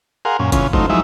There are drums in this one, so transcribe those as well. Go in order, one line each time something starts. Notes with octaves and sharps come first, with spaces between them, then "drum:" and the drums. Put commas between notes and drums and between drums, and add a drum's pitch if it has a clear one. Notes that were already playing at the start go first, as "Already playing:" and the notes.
G#4 A#4 F5 F#5 C6
F#2 A#2 C#4
C#3 E3 C#4 F4, drum: kick, hi-hat
F#3 A3 D#4 F4 C5, drum: kick
F3 F#3 G#3 D#4 E4 E5